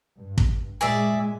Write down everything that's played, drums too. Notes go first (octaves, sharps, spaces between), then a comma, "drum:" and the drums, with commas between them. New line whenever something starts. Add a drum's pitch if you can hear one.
G2
drum: kick
A#2 G#3 G#4 D5 E5